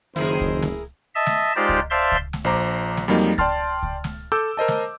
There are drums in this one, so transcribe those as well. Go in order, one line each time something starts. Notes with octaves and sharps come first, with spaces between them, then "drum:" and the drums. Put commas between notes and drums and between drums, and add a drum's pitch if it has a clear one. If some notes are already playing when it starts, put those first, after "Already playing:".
F#1 D#3 E4 G#4 A#4 C5
drum: kick C#2
drum: snare
D#5 E5 A5
drum: snare
G#3 D#4 F4 G4 C5 D5
drum: kick C#2
C5 D5 E5 F5 A5 C6
drum: kick C#2
drum: snare
A#1 C5 A#5 D6
drum: snare
F2 F#3 G3 A#3 D#4
D5 G5 A5 C6 F6 A6, drum: kick C#2
drum: kick C#2
drum: snare
A4 D6 E6 G6
A#4 C5 D#5 A5
drum: snare